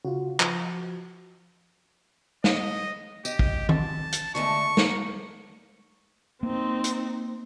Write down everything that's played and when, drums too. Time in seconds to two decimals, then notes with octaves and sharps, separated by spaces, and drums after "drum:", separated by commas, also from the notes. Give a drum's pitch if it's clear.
0.05 C#3 F4 F#4
0.40 F3, drum: clap
2.44 D#5, drum: snare
3.25 G4 D#5, drum: tambourine
3.39 drum: kick
3.69 A5, drum: tom
4.12 drum: hi-hat
4.35 D3 G#3 A3 C#6
4.77 A#4, drum: snare
6.43 A#3 C4 D#4
6.84 drum: hi-hat